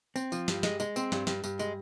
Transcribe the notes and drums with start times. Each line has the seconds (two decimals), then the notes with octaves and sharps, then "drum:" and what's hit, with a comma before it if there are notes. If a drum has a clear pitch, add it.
0.16 C4, drum: tambourine
0.32 F3, drum: tambourine
0.48 G2, drum: snare
0.63 G#3, drum: snare
0.80 G#3, drum: tambourine
0.96 C4, drum: tambourine
1.12 G2, drum: snare
1.27 G2, drum: snare
1.44 G2, drum: tambourine
1.59 G#3, drum: tambourine